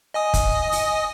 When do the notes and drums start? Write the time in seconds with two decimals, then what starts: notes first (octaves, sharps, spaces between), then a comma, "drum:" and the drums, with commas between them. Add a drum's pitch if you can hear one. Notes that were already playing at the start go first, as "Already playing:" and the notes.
0.14 D#5 G#5 D#6
0.34 drum: kick, hi-hat
0.72 drum: open hi-hat